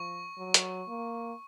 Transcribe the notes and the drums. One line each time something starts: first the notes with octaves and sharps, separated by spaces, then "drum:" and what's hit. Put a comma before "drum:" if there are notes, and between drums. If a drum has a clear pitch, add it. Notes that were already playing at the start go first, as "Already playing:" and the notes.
Already playing: F3 C#6
F#3
drum: hi-hat
A#3